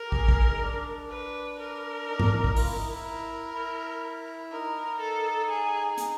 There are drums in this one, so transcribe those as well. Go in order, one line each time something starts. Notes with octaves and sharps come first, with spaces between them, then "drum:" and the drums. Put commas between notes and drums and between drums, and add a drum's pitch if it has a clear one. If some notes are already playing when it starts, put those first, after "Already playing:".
Already playing: A#4
G4
G#4, drum: kick
G#4, drum: kick
D#4
D4
B4
A#4
D#4
D4, drum: tom G#2
D#4
D#4, drum: kick
F4, drum: open hi-hat
E4
D#4
E4
A#4
E4
D#4 A#4
A4
G#4
drum: hi-hat